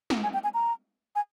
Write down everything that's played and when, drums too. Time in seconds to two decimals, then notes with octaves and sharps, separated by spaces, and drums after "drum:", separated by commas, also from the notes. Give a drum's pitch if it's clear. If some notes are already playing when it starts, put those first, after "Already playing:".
0.10 drum: snare
0.23 G#5
0.34 G5
0.44 G#5
0.54 A#5
1.15 G#5